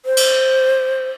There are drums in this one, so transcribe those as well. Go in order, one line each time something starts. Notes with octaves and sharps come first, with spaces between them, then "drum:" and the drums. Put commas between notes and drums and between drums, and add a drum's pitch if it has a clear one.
C5
drum: cymbal